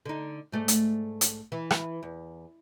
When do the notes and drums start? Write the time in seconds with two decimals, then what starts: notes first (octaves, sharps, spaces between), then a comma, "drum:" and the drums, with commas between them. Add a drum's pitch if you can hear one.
0.06 D3 D#4
0.52 G#2 A3 D5
0.68 drum: hi-hat
1.21 drum: hi-hat
1.52 E3
1.71 drum: rim click
2.03 E2